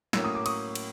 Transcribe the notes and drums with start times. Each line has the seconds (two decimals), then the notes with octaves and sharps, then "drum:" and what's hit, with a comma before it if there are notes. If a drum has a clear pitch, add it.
0.13 A2 F#3 A#3 C#4 E6, drum: snare
0.24 D#6
0.35 D6
0.46 C#6 D#6, drum: cymbal
0.75 drum: cymbal